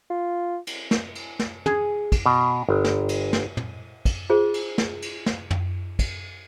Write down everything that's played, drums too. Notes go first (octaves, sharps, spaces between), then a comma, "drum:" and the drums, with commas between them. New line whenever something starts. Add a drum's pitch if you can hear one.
F4
drum: cymbal
drum: snare
drum: cymbal
drum: snare
G#4, drum: tom
drum: kick, cymbal
B2
G1
drum: snare
drum: cymbal
drum: snare
drum: tom
drum: kick, cymbal
F4 G#4 C5
drum: cymbal
drum: snare
drum: cymbal
drum: snare
drum: tom
drum: kick, cymbal